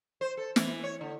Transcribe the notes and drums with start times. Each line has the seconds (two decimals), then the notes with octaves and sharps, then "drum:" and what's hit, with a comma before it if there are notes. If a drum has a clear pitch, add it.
0.21 C5
0.37 A4
0.56 E3, drum: snare
0.84 C#5
1.01 D3